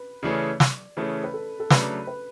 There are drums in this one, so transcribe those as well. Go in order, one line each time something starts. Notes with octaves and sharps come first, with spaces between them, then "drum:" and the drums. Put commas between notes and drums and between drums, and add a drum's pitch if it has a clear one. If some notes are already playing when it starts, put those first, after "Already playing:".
Already playing: B4
C#3 E3 A3 C#4 G#4 D5
drum: snare
C#3 E3 A3 C#4 G#4 B4
B4
A4
A4
C#3 F#3 A3 D4 B4, drum: snare
B4